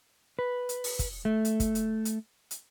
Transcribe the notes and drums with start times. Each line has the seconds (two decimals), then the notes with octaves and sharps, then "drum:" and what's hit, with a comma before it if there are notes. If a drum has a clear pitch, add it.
0.39 B4
0.69 drum: hi-hat
0.84 drum: open hi-hat
0.99 drum: kick, hi-hat
1.25 A3
1.45 drum: hi-hat
1.60 drum: kick, hi-hat
1.75 drum: hi-hat
2.05 drum: hi-hat
2.51 drum: hi-hat